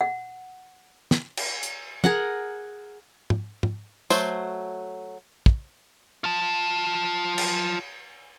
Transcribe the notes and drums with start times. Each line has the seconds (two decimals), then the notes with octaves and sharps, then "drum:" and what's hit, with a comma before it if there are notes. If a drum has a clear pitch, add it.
0.01 F#5
1.11 drum: snare
1.37 drum: cymbal
1.63 drum: hi-hat
2.04 G#4 A#4 F#5, drum: tom
3.30 drum: tom
3.63 drum: tom
4.10 F#3 A3 C5, drum: tambourine
5.46 drum: kick
6.24 F4 A5
7.38 drum: cymbal